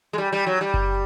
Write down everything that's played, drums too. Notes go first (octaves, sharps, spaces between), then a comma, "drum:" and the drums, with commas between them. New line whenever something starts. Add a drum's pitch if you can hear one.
G#3
G3
G3
F#3
G3
drum: kick F#1